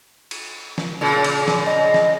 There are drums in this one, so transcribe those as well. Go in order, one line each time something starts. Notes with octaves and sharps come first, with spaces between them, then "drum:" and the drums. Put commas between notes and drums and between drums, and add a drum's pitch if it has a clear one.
drum: cymbal
drum: snare
A#2 C#3
drum: cymbal
drum: snare
D#5
drum: snare